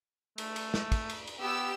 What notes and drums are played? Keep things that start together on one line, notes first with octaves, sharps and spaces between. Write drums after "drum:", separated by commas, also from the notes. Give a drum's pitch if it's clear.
A3, drum: cymbal
drum: cymbal
drum: snare
drum: kick, cymbal
drum: cymbal
drum: cymbal
B3 G4 E6